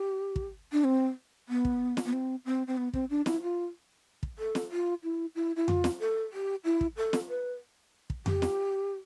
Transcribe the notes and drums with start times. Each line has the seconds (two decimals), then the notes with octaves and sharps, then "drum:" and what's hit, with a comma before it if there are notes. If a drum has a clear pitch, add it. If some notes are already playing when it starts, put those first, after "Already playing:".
Already playing: G4
0.36 drum: kick
0.72 D4
0.84 C4
1.49 B3
1.65 drum: kick
1.97 drum: snare
2.06 B3
2.13 C4
2.45 C4
2.67 C4
2.77 B3
2.93 C4, drum: kick
3.10 D4
3.26 E4, drum: snare
3.42 F4
4.23 drum: kick
4.39 A4
4.55 drum: snare
4.72 F4
5.03 E4
5.35 E4
5.56 E4
5.68 F4, drum: tom F2
5.84 drum: snare
6.00 A4
6.33 G4
6.64 E4
6.81 drum: kick
6.97 A4
7.13 drum: snare
7.29 B4
8.10 drum: kick
8.26 G4, drum: tom F2
8.42 drum: snare